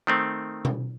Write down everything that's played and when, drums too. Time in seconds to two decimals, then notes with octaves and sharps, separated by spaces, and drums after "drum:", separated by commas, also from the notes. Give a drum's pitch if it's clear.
0.07 D#3 A3 C4
0.65 drum: tom B2